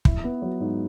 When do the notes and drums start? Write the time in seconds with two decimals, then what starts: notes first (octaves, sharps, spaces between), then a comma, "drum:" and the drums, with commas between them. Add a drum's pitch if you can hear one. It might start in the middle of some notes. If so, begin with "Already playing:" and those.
0.05 E4, drum: kick
0.24 B3
0.42 F#3
0.61 G#2